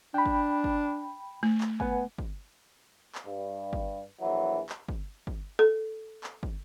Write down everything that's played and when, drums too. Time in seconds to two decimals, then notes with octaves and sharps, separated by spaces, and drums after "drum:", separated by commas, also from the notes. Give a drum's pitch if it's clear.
0.14 D4 G5 B5
0.26 drum: kick
0.64 drum: kick
1.43 A3
1.61 drum: clap
1.80 B3 B4 F#5 G#5, drum: kick
2.18 drum: kick
3.15 drum: clap
3.26 G2
3.73 drum: kick
4.21 A#1 E3 F#3
4.69 drum: clap
4.89 drum: kick
5.27 drum: kick
5.59 A4
6.24 drum: clap
6.43 drum: kick